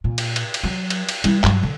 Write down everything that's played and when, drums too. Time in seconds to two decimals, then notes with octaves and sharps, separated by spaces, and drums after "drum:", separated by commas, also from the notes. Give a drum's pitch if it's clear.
0.04 A#2
0.18 drum: cymbal
0.36 drum: cymbal
0.54 drum: cymbal
0.64 F#3
0.90 drum: cymbal
1.09 drum: cymbal
1.24 G3 E4, drum: cymbal
1.43 G2 F#3, drum: clap
1.63 D3